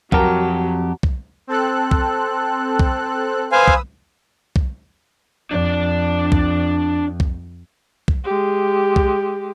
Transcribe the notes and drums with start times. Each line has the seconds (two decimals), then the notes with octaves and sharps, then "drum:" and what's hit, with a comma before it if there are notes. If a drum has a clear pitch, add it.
0.12 F2 F#3 G4 A#4 F#5 A5 A#5 F6, drum: kick B1
1.03 drum: kick B1
1.47 C4 A4 F#6
1.91 drum: kick B1
2.79 drum: kick B1
3.52 B4 C5 F5 G#5 D#6 E6
3.68 drum: kick B1
4.56 drum: kick B1
5.51 F2 D4 D5
6.32 drum: kick B1
7.20 drum: kick B1
8.08 drum: kick B1
8.24 G#3 G4
8.96 drum: kick B1